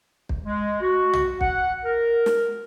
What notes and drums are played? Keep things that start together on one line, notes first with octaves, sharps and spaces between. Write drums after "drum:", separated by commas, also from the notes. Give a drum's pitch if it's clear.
drum: kick
G#3
F#4
drum: tom
F#5, drum: kick
A#4
drum: snare